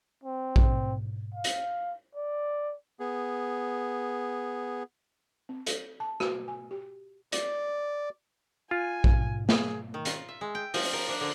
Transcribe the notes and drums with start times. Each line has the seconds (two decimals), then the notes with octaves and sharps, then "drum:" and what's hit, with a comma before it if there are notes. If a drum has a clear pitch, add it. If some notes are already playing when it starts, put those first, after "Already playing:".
0.23 C4
0.56 drum: kick A#1
1.34 F5
1.44 drum: hi-hat
2.15 D5
3.00 B3 G#4
5.49 C4
5.67 A4, drum: hi-hat
6.00 A5
6.20 F#4, drum: rim click
6.48 G#5
6.71 G4
7.32 D5, drum: hi-hat
8.71 F4 G#5
9.04 drum: kick A#1
9.49 G#4, drum: snare
9.94 D#3
10.05 F4, drum: hi-hat
10.28 E5
10.41 G#3
10.55 G5
10.74 F3, drum: open hi-hat
10.93 A#4
11.09 D4
11.21 D3